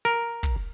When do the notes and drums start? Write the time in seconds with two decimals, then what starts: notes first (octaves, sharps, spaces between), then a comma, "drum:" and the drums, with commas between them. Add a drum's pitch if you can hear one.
0.05 A#4
0.43 drum: kick